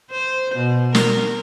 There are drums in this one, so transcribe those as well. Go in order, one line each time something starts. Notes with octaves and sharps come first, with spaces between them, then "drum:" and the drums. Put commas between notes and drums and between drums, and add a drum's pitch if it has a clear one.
C5
B2
A#4, drum: snare